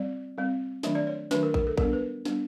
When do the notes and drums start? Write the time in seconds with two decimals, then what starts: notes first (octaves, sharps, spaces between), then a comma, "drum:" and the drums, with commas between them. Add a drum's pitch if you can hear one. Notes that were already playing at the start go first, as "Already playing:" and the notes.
Already playing: G3 C4 D5
0.38 G3 C4
0.83 D#3 F#3 A3 D4 D#5, drum: snare
0.95 D5
1.07 C#5
1.31 D#3 F#3 A3 D4 B4, drum: snare
1.43 A#4
1.54 A#4, drum: kick A#1
1.67 A4
1.78 G3 B3 D4 A#4, drum: kick A#1
1.93 B4
2.25 G3 B3 D4, drum: snare